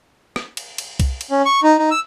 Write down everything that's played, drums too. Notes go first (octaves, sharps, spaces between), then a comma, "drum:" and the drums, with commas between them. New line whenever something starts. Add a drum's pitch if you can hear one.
drum: rim click
drum: cymbal
drum: cymbal
drum: kick C2, cymbal
drum: cymbal
C#4
C#6
D#4
D#4
E6